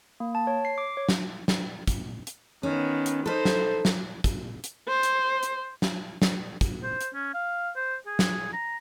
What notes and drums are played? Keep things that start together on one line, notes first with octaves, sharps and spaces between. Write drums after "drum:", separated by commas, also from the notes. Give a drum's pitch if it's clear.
A#3
A5
C#5
C7
D6
C#5
drum: snare
drum: snare
drum: kick, hi-hat
drum: hi-hat
D#3 B3 C#4
drum: hi-hat
D#4 A4 B4 C5
drum: snare
drum: snare
drum: kick, hi-hat
drum: hi-hat
C5
drum: hi-hat
drum: hi-hat
drum: snare
drum: snare
drum: kick, hi-hat
C5
drum: hi-hat
C#4
F5
C5
G#4
drum: snare
A#5